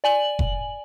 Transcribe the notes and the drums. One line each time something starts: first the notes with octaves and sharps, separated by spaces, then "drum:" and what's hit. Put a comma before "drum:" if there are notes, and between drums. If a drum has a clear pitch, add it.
D5 G#5 F#7
drum: kick F1